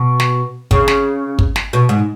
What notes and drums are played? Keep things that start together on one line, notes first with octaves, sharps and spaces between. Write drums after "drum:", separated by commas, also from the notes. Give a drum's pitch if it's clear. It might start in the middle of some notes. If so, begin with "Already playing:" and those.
Already playing: B2
drum: snare
C#3, drum: kick
drum: snare
drum: kick
drum: snare
B2
G#2